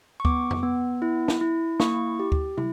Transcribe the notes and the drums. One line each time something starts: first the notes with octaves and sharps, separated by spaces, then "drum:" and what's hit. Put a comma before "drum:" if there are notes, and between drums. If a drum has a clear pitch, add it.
C#6
B3 D6, drum: kick D2
drum: tom F2
B3
E4
drum: snare
E4
A#3 C#6, drum: snare
G4
drum: kick D2
E4, drum: tom